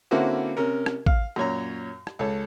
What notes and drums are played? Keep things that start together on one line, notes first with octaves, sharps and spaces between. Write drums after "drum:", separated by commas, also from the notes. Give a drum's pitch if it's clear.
D3 A#3 C4 C#4 E4 F#4
C3 C#4 A#4
drum: rim click
F5, drum: kick A1
F#2 A#2 C#5 A#5
drum: rim click
C#2 A4 C#5